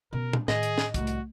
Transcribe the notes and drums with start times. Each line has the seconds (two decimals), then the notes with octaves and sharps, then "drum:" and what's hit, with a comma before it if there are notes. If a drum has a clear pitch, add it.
0.13 B2 C#4 A#4
0.33 drum: tom
0.48 A2 D#3 G#4 D#5, drum: snare
0.63 drum: hi-hat
0.78 drum: snare
0.94 C2 A3 F#4, drum: kick, hi-hat
1.07 drum: hi-hat